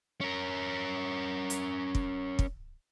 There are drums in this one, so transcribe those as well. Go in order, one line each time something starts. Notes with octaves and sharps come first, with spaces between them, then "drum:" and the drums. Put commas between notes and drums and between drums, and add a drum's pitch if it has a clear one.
C#4 A#4
drum: hi-hat
drum: kick
drum: kick